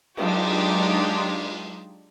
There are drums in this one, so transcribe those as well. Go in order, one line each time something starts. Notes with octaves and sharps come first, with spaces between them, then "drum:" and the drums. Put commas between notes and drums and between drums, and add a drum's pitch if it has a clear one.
F#3 G#3 D4 D#4 F4 G4, drum: cymbal